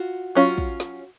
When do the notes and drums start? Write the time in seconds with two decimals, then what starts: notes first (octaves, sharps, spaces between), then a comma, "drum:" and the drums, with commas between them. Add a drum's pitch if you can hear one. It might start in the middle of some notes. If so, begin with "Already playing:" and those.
Already playing: F4 F#4
0.35 F#3 C#4 F4
0.58 drum: kick
0.80 drum: snare